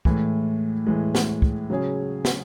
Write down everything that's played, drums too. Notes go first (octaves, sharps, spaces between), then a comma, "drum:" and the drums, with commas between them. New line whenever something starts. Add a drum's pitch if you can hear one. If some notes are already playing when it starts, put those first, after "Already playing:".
A2 E3 G#3, drum: kick
A2 E3 G#3
drum: snare
drum: kick
C#3 F#3 C#4 G#4
drum: snare